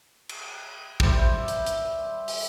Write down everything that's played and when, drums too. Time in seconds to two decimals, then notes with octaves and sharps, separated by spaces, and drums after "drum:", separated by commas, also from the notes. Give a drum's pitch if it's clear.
0.29 drum: cymbal
1.00 G3 C5 E5, drum: kick
1.48 drum: hi-hat
1.66 drum: hi-hat
2.28 drum: open hi-hat